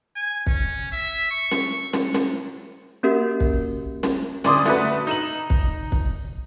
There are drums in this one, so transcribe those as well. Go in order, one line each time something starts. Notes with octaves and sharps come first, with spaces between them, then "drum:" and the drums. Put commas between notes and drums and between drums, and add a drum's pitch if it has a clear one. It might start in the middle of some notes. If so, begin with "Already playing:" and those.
G#5
C#4, drum: kick
E5
C#6
drum: snare
drum: snare
drum: snare
A#3 C#4 F#4 G4 A#4 E5
drum: kick
drum: snare
D2 D5 C6 D#6, drum: snare
A3 F#4 B4, drum: snare
D#4 E7 F#7
drum: kick
drum: kick